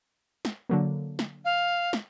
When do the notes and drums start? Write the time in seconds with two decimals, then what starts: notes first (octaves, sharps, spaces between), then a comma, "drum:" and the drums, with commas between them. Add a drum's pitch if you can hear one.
0.45 drum: snare
0.69 D3 F#3 A#3
1.19 drum: snare
1.45 F5
1.93 drum: snare